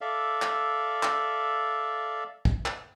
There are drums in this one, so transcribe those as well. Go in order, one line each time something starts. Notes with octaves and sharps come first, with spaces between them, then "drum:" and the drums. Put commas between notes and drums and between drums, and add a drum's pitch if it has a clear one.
A4 D5 E5 F5
drum: clap
drum: clap
drum: kick
drum: clap